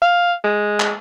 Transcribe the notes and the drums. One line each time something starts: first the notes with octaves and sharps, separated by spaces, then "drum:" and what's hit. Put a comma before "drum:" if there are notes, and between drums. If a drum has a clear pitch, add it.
F5
G#3
drum: clap